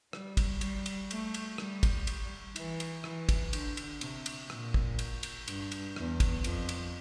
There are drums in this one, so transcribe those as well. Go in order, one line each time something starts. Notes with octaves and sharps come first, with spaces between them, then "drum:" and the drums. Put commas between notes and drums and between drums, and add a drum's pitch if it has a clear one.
G3, drum: rim click
drum: kick, cymbal
G3, drum: cymbal
drum: cymbal
A3, drum: cymbal
drum: cymbal
G3, drum: rim click
drum: kick, cymbal
drum: cymbal
E3, drum: cymbal
drum: cymbal
E3, drum: rim click
drum: kick, cymbal
D3, drum: cymbal
drum: cymbal
C3, drum: cymbal
drum: cymbal
A#2, drum: rim click
drum: kick
drum: cymbal
drum: cymbal
G2, drum: cymbal
drum: cymbal
E2, drum: rim click
drum: kick, cymbal
F2, drum: cymbal
drum: cymbal